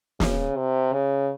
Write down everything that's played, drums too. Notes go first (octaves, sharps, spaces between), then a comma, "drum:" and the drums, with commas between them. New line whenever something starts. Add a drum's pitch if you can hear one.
C#3, drum: snare
C3
C#3